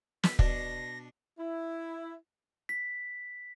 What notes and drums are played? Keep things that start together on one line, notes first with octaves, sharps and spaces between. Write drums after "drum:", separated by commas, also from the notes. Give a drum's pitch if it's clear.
B6, drum: snare
B2 D4 A#6, drum: kick
E4
B6